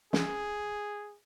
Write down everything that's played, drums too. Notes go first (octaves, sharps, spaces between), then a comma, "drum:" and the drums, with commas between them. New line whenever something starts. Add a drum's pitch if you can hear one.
G#4, drum: snare